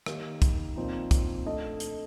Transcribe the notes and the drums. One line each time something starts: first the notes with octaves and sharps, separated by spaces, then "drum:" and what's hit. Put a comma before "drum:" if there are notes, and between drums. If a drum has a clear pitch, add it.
D#3 A#3 D#4 G4, drum: rim click
drum: kick, hi-hat
A#2 F3 C4 D#4
drum: kick, hi-hat
A3 D4 A4 D#5
drum: hi-hat